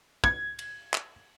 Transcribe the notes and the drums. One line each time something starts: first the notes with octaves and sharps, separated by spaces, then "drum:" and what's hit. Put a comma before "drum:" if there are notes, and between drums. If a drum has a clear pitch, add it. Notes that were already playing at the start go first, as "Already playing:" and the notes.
G#6, drum: kick
drum: cymbal
drum: clap